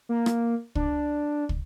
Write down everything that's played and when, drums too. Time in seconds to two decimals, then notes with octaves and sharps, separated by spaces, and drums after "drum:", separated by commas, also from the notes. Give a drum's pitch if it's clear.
0.09 A#3
0.26 drum: rim click
0.75 D4, drum: kick
1.49 drum: kick